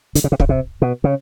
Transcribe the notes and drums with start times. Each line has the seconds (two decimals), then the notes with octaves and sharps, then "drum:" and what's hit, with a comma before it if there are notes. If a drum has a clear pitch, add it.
0.15 D3, drum: hi-hat
0.24 C#3
0.32 C3
0.40 C#3, drum: kick
0.49 C3
0.82 B2
1.04 C#3